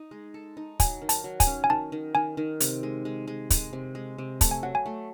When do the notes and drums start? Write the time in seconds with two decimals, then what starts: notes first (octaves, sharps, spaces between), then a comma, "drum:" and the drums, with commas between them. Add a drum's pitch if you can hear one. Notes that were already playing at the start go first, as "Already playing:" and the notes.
Already playing: D#4
0.11 G#3
0.34 A4
0.57 D#4
0.80 F#3 G#5, drum: kick, hi-hat
1.02 D#3
1.09 A5, drum: hi-hat
1.24 F#3
1.40 G#5, drum: kick, hi-hat
1.47 C#4
1.64 G#5
1.69 D#3 A5
1.92 D#3
2.15 D#3 G#5
2.37 D#3
2.60 C3, drum: hi-hat
2.83 G#3
3.05 G#3
3.27 G#3
3.50 G#3, drum: kick, hi-hat
3.73 C3
3.95 G#3
4.18 C3
4.41 A3 A5, drum: kick, hi-hat
4.51 G#5
4.63 F#3 F#5
4.75 G#5
4.86 A3